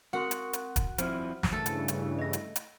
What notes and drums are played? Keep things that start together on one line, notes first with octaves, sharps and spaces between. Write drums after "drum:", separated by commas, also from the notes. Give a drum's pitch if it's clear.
C4 F#4 A#4 F#5 C6
drum: hi-hat
drum: hi-hat
drum: kick, hi-hat
F3 C4 E4 C5 F6, drum: hi-hat
drum: snare
G2 C#3 E3 A3 A4
drum: hi-hat
drum: hi-hat
D#5 A#6
drum: hi-hat
drum: hi-hat